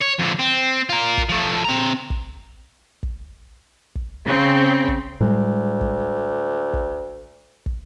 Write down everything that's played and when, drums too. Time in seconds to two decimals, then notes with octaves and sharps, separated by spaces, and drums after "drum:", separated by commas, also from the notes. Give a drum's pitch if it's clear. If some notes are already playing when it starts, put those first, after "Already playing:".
0.02 C#5
0.19 F2 D3
0.39 C4
0.89 F4 A#4
1.18 drum: kick
1.29 F3 A3
1.64 C4 A#5
2.10 drum: kick
3.03 drum: kick
3.95 drum: kick
4.26 C#3 C4
4.88 drum: kick
5.20 D2 A2 G3 G#3
5.81 drum: kick
6.73 drum: kick
7.66 drum: kick